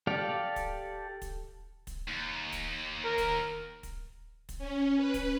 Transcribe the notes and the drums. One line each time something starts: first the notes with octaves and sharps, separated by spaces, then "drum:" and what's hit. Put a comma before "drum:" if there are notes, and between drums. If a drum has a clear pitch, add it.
G4 A4 D5 F5
drum: kick, hi-hat
drum: kick, hi-hat
drum: kick, hi-hat
D#2
drum: kick, hi-hat
A#4
drum: kick, hi-hat
drum: kick, hi-hat
drum: kick, hi-hat
C#4
B4
drum: kick, hi-hat